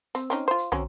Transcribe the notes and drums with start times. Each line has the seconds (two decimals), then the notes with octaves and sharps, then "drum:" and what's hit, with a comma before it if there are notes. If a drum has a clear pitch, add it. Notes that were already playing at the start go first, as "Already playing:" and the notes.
0.15 C4, drum: hi-hat
0.30 C4 C#4 D#4, drum: hi-hat
0.48 F4 C5
0.58 drum: hi-hat
0.72 F#3 C4 C#4, drum: tom